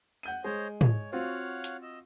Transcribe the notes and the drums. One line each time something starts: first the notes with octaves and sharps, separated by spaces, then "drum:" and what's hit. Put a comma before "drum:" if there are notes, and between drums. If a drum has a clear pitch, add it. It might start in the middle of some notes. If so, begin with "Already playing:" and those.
F#5 G6 D#7
G#3 C5 C#5 D#5
C#5, drum: tom
C4 F4 F#4 C#5 F5 F#5
drum: hi-hat
D#5 E6